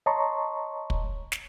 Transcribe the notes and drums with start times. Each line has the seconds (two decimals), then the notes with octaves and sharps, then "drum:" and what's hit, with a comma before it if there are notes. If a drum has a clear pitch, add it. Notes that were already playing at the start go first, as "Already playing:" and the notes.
0.06 C#5 D#5 A5 A#5 C6 C#6
0.90 drum: kick
1.32 drum: snare